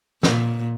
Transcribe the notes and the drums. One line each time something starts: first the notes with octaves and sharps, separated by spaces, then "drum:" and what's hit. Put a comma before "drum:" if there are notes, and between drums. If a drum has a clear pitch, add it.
A#2, drum: snare